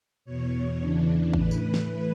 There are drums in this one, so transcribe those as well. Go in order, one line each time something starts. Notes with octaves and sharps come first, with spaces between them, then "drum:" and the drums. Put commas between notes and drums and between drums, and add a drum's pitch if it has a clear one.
E2 B2 C#5
E2 C#3 E3 D4
A2 E3 B4, drum: kick G#1
drum: tambourine
drum: snare